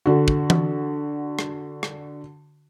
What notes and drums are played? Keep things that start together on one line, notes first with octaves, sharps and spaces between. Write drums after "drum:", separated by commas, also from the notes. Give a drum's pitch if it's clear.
D3 F#4
drum: kick
drum: tom E3
drum: rim click
drum: rim click